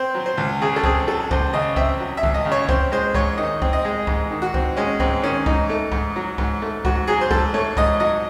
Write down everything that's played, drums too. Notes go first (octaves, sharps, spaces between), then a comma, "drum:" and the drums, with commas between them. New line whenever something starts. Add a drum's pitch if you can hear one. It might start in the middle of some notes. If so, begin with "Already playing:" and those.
Already playing: C4 C5
F#3
C5
C#2
C#3 G#4
A4
C4 G#4, drum: kick C#2
F#3 A4
C#2 C5, drum: kick C#2
C#3 D#5
C4 E5, drum: kick C#2
F#3
E5
C#2, drum: kick C#2
D#5
C#3
C#5
C4 C5, drum: kick C#2
G#3 C5
G#2 C#5, drum: kick C#2
D#3 D#5
C4, drum: kick C#2
D#5
G#3
G#2, drum: kick C#2
D#3
F#4
C4, drum: kick C#2
G#3 C#4
G#2 C4, drum: kick C#2
D#3 C#4
G#2 D#4, drum: kick C#2
A3
G#2, drum: kick C#2
F#3
G#2, drum: kick C#2
A3
G#2 F#4, drum: kick C#2
F#3 G#4
C5
G#2 A4, drum: kick C#2
A3 C#5
G#2 D#5, drum: kick C#2
F#3 D#5